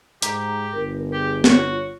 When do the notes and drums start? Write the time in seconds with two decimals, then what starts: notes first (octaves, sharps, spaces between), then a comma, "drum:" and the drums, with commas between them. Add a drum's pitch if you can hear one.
0.22 G#2 G4 A#5, drum: hi-hat
0.73 G1 A#4
1.13 G4 G#4
1.44 F4 F#4 C#5, drum: snare